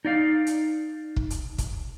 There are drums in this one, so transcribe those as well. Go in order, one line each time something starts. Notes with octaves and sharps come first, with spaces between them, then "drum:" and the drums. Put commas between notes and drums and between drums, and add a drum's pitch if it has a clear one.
D#4 D5 F5
drum: hi-hat
drum: kick
drum: hi-hat
drum: kick, hi-hat